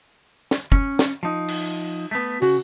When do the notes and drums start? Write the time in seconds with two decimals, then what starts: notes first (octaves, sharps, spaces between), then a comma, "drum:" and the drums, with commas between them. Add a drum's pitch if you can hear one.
0.51 drum: snare
0.72 C#4, drum: kick
0.99 drum: snare
1.23 F3 D#4
1.48 drum: cymbal
2.11 A3 B3
2.42 C#3 F#4, drum: open hi-hat